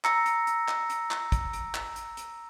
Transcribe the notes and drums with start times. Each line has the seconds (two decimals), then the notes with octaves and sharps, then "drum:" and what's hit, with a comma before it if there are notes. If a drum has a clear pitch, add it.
0.05 A#5 E6 A#6 C#7, drum: clap
0.26 drum: hi-hat
0.47 drum: hi-hat
0.68 drum: clap
0.90 drum: hi-hat
1.11 drum: clap
1.32 drum: kick, hi-hat
1.53 drum: hi-hat
1.75 drum: clap
1.96 drum: hi-hat
2.17 drum: hi-hat